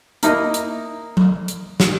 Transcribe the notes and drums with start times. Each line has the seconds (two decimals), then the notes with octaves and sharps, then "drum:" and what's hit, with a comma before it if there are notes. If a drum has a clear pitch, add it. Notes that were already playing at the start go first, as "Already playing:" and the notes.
0.23 A#3 D#4 E4 A#4 D#5, drum: hi-hat
0.54 drum: hi-hat
1.17 drum: tom F#3
1.48 drum: hi-hat
1.80 drum: snare